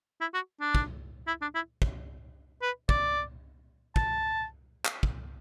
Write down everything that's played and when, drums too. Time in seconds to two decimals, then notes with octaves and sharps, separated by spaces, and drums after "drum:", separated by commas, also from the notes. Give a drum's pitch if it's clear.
0.21 E4
0.34 F#4
0.61 D4
0.75 drum: kick
1.28 E4
1.42 D4
1.55 E4
1.82 drum: kick
2.62 B4
2.89 D5, drum: kick
3.96 A5, drum: kick
4.85 drum: clap
5.03 drum: kick